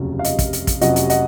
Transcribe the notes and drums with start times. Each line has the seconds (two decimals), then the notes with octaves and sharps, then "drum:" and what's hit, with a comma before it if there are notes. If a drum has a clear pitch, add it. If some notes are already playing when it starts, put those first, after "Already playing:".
Already playing: F1 D#2 C#3 F#3
0.19 F5
0.24 D#5, drum: hi-hat
0.39 drum: kick, hi-hat
0.53 drum: hi-hat
0.67 drum: kick, hi-hat
0.81 F1 F2 C3 F#3 C#4 D#5 F#5, drum: hi-hat
0.96 drum: hi-hat
1.10 D#5 F#5, drum: hi-hat